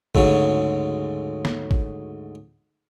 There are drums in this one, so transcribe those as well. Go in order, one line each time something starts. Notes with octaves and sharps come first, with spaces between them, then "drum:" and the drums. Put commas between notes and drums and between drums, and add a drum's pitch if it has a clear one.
D2 G#2 C#3 F#3, drum: kick G#1
drum: snare A#3
drum: kick G#1